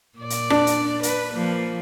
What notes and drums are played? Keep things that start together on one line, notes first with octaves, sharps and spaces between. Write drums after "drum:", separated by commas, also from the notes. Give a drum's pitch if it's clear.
A#2 D5
drum: hi-hat
D4, drum: rim click
drum: hi-hat
B4, drum: hi-hat
F3 A#3